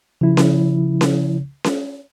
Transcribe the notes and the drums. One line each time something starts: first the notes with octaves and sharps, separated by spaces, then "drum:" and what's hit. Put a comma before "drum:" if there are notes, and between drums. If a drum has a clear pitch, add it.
C#3 F3 E4
drum: snare C#4
drum: snare C#4
drum: snare C#4